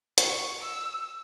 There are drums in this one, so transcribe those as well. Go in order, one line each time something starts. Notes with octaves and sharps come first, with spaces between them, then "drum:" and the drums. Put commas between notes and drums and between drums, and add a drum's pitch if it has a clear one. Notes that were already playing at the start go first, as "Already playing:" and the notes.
C#6, drum: hi-hat
E6